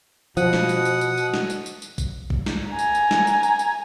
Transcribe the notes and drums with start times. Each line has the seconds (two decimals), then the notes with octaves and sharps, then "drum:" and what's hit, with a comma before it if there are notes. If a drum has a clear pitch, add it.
0.37 B2 F3 F#5 D#6, drum: tambourine
0.53 drum: snare
0.69 drum: tambourine
0.85 drum: tambourine
1.01 drum: tambourine
1.17 drum: tambourine
1.34 drum: snare
1.50 drum: tambourine
1.66 drum: tambourine
1.82 drum: tambourine
1.98 drum: kick A#1, tambourine
2.30 drum: kick A#1
2.46 drum: snare
2.70 G#5 A#5
2.79 drum: tambourine
2.95 drum: tambourine
3.11 drum: snare
3.27 drum: tambourine
3.43 drum: tambourine
3.59 drum: tambourine